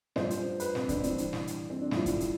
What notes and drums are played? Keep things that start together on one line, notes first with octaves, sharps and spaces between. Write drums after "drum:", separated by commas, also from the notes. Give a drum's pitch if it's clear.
G2 F3 C5, drum: snare
drum: hi-hat
B4, drum: hi-hat
C4, drum: snare
D4, drum: kick, hi-hat
C4
G2 E3 D4, drum: hi-hat
drum: hi-hat
drum: snare
drum: hi-hat
C4
D4
G2 D3 F3 E4, drum: snare
drum: kick, hi-hat
drum: hi-hat